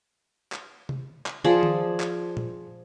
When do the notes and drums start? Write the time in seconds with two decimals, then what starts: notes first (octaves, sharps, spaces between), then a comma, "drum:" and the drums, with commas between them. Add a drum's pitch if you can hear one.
0.52 drum: clap
0.89 drum: tom C3
1.26 drum: clap
1.44 F3 G#4 D5
1.63 drum: tom D#3
2.00 drum: clap
2.37 drum: tom A#2